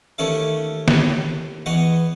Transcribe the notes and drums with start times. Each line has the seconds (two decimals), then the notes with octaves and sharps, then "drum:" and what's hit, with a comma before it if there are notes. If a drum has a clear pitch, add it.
0.18 D#2 A3 C#4 E4 A4 D5
0.88 drum: snare
1.66 E2 E3 B3 D#5 C#6